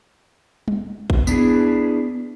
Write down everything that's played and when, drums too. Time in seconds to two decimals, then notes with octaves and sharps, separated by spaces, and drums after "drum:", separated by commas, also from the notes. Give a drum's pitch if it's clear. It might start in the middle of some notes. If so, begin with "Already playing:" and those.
0.68 drum: tom
1.10 drum: kick A1
1.27 B3 D4 E4 G#4, drum: tambourine